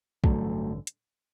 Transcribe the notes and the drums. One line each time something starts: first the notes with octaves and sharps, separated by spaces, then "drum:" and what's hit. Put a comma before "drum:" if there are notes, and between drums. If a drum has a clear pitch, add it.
A1 G2 D3 F#3 A3, drum: kick
drum: hi-hat